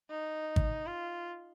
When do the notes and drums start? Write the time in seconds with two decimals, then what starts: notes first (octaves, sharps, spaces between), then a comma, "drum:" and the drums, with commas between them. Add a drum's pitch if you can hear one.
0.10 D#4
0.56 drum: kick
0.86 F4